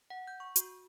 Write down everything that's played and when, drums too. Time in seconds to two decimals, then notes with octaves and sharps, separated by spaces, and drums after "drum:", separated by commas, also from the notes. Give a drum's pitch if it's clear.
0.10 F#5
0.27 G6
0.40 C#6
0.56 F#4, drum: hi-hat